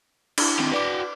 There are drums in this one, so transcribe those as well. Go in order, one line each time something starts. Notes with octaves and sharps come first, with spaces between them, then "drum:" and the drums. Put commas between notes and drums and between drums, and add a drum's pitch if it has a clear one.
D4 E4, drum: cymbal
D#3 C4
F#4 B4 D5 G5 D6